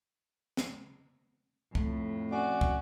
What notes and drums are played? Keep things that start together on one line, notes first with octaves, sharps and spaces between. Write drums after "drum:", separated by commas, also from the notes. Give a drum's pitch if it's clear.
drum: snare
F2 A2, drum: kick
C#4 F#4 D5
drum: kick